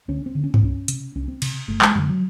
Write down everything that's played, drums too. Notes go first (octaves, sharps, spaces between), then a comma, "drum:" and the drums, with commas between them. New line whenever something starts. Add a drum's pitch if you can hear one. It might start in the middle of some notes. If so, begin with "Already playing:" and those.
D2 C#4
C4
D3
C#4
C4, drum: tom G2
C2 C#4
C3, drum: hi-hat
C2 C#4
C4
C3, drum: cymbal
G1 A3
G#3, drum: clap
F#2 D3 G3
F#3